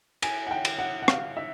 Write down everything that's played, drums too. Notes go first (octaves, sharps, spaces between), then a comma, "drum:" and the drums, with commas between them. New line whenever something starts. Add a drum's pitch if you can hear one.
G#5, drum: cymbal
F#5
G5
drum: cymbal
F#5
F#5
F5, drum: rim click
E5